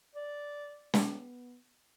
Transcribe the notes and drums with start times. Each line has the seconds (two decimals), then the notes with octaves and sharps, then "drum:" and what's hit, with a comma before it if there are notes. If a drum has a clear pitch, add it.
0.15 D5
0.94 B3, drum: snare